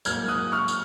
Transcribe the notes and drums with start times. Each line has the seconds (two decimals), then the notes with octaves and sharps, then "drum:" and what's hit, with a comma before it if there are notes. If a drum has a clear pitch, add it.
0.05 G#2 F#3 A#3 F6 G#6, drum: tambourine
0.28 D#6 F#6
0.52 C#6 F6
0.68 drum: tambourine